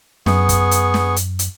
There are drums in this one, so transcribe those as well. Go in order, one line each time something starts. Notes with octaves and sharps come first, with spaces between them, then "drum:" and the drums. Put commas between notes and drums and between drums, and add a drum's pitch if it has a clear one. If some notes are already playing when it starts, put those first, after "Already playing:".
F#2 B3 G#4 C#6, drum: snare
drum: kick, hi-hat
drum: hi-hat
drum: snare
drum: hi-hat
drum: hi-hat